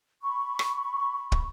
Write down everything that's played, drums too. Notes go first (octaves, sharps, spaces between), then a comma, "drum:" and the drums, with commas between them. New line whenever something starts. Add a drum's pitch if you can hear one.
B5 C#6
drum: rim click
drum: kick